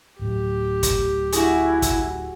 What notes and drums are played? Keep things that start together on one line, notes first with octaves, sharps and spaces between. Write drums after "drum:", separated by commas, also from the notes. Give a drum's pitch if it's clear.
D1 A2 F#3 G4
drum: kick, hi-hat
E4 F#4 G#4, drum: hi-hat
drum: kick, hi-hat